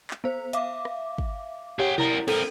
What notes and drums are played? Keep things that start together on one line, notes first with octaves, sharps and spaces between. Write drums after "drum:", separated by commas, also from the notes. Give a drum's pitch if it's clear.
drum: clap
B3 C5
E5 F5 D6, drum: hi-hat
drum: rim click
drum: kick
G4 G#4 C#5 F#5 G5
G3 E4 A#4 A#5, drum: tom B2
C4 A4 A#4 D#7, drum: cymbal